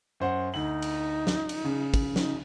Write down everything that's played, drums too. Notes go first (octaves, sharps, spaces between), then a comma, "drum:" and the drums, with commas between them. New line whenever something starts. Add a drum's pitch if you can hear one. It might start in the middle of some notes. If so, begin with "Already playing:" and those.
F#2 C5 F#5
D2 D#4 F#7
drum: cymbal
drum: snare
drum: cymbal
C#3
drum: kick, cymbal
D#4, drum: snare